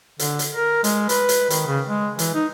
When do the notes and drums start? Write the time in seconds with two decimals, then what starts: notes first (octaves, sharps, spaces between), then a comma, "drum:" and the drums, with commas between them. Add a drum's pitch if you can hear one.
0.19 D3, drum: hi-hat
0.39 drum: hi-hat
0.53 A#4
0.84 G#3, drum: hi-hat
1.09 B4, drum: hi-hat
1.29 drum: hi-hat
1.50 D#3, drum: hi-hat
1.67 C#3
1.87 G#3
2.19 E3, drum: hi-hat
2.34 D#4